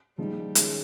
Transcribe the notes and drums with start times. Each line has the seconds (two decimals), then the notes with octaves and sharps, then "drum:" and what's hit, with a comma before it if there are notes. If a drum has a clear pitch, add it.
0.18 A#2 F3 G3 G#3 D#4
0.55 D#3 G#3 C#4, drum: hi-hat